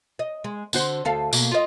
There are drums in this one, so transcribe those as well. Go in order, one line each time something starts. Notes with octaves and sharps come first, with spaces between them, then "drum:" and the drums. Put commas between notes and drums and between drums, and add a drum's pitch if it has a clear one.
D#5
G#3
D3 F#4 C5, drum: tambourine
D2 A4 F5
B2 A#3, drum: tambourine
F4 D#5